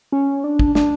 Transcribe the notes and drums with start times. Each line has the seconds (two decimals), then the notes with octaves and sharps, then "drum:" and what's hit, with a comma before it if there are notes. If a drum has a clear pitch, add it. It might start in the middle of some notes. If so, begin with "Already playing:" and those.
0.12 C#4
0.44 D4
0.59 drum: kick
0.75 D4, drum: snare